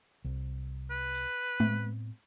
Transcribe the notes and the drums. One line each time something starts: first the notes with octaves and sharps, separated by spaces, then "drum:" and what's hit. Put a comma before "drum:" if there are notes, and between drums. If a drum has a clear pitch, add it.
C2
B4
drum: open hi-hat
A2 B3 C4, drum: tom G#3